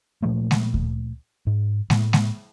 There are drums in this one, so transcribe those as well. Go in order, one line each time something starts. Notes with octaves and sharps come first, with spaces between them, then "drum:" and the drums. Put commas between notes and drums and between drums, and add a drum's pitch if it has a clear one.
A#2 F3 A3 A#3
drum: snare G#3
drum: kick D2
G#2
A2, drum: snare G#3
drum: snare G#3